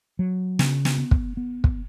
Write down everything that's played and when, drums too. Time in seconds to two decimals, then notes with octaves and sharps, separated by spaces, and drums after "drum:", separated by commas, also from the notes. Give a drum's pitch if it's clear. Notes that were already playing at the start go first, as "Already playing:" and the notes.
0.19 F#3
0.59 C#3, drum: snare
0.85 drum: snare
0.98 B3
1.11 drum: kick
1.37 B3
1.64 drum: kick